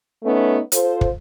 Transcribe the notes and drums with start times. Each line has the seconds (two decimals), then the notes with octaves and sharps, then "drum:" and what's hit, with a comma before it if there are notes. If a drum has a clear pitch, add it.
0.24 A3 B3 C#4 D#4
0.72 F4 A4 C5, drum: hi-hat
1.01 drum: kick